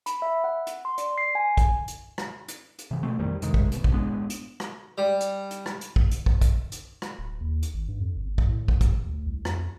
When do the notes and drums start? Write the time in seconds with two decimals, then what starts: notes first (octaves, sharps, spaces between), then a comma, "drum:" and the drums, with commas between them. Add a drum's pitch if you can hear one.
0.06 B5, drum: hi-hat
0.22 E5
0.44 F#5
0.67 drum: hi-hat
0.85 C6
0.98 D5, drum: hi-hat
1.18 C7
1.35 G#5
1.57 drum: kick, hi-hat
1.88 drum: hi-hat
2.18 drum: rim click
2.48 drum: hi-hat
2.78 drum: hi-hat
2.91 C3 E3
3.03 B2 A3 C4
3.19 A1 F2 D#3 G3
3.42 F2 C3 D#3 G#3, drum: hi-hat
3.54 drum: kick
3.72 C2 B2, drum: hi-hat
3.84 drum: kick
3.93 A2 G#3 B3 D4
4.30 drum: hi-hat
4.60 drum: rim click
4.98 G3
5.20 drum: hi-hat
5.51 drum: hi-hat
5.66 drum: rim click
5.81 drum: hi-hat
5.96 drum: kick
6.11 drum: hi-hat
6.26 drum: kick
6.42 drum: kick, hi-hat
6.72 drum: hi-hat
7.02 drum: rim click
7.19 D1
7.41 D#2
7.63 drum: hi-hat
7.74 G#1
7.88 G2
8.01 F2
8.16 G1
8.38 drum: kick
8.48 A2
8.68 drum: kick
8.81 D#1, drum: kick, hi-hat
8.93 A1
9.05 D2
9.26 C2
9.45 F2, drum: rim click